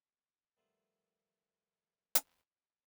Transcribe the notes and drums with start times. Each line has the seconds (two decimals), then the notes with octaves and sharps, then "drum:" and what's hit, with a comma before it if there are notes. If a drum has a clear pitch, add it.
0.57 G2 D#3 F3 A3 F4 F#5
2.15 drum: hi-hat